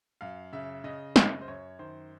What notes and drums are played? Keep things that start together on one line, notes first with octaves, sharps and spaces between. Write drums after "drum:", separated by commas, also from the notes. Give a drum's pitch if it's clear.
F#2 F5
C#3 E5
C#3 D#5
F#2 D#5, drum: snare
C5
F#2 C#5
D#3 C5